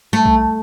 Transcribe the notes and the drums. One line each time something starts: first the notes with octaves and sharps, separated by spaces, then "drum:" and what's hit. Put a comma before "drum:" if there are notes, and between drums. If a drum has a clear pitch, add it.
A3
drum: kick B1